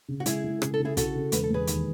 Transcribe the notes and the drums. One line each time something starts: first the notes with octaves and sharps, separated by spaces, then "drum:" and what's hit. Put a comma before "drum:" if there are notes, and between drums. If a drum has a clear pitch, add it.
C#3
F#4
G#3 E4 G#4, drum: hi-hat
G#3
C#3 G#4, drum: rim click
A4
C#3
E4 G#4
C#3 F#4 A4, drum: kick, hi-hat
C#3
E1 B4, drum: hi-hat
A4
E1 G#4 B4
D#2, drum: hi-hat